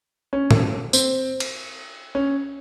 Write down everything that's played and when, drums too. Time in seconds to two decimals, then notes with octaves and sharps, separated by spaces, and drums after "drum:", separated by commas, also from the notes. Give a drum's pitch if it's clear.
0.33 C#4
0.51 drum: tom A2
0.93 C4, drum: tambourine
1.40 drum: cymbal
2.15 C#4